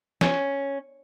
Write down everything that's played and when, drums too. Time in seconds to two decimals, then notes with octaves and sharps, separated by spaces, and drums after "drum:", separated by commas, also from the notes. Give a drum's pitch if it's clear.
0.21 C#4, drum: snare